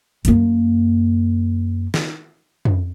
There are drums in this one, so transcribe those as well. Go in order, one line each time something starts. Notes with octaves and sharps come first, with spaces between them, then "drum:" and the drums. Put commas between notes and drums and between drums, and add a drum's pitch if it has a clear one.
F#2 A#3, drum: hi-hat
drum: snare
drum: tom F2